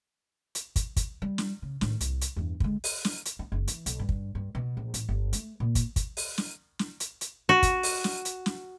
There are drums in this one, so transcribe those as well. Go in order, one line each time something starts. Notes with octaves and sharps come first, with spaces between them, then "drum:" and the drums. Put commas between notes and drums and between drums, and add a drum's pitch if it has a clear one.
drum: hi-hat
drum: kick, hi-hat
drum: kick, hi-hat
G3
drum: snare
C#3
A2 D#3, drum: snare
C2, drum: hi-hat
drum: hi-hat
E2 G2
D3 G#3, drum: kick
drum: open hi-hat
drum: snare
drum: hi-hat
D#4
F#1
E3, drum: hi-hat
B1, drum: hi-hat
G2
drum: kick
G2
B2
A#1
A1, drum: hi-hat
G1
A3, drum: hi-hat
A#2
drum: kick, hi-hat
drum: kick, hi-hat
drum: open hi-hat
drum: snare
drum: snare
drum: hi-hat
drum: hi-hat
F#4
drum: kick, hi-hat
drum: open hi-hat
drum: snare
drum: hi-hat
drum: snare